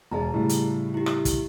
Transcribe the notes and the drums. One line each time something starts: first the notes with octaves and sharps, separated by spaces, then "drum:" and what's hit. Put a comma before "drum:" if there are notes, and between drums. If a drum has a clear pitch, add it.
E1 G#4 D5 A5 A#5
A2 C#3 G3
drum: hi-hat
E4 G4
drum: rim click
drum: kick, hi-hat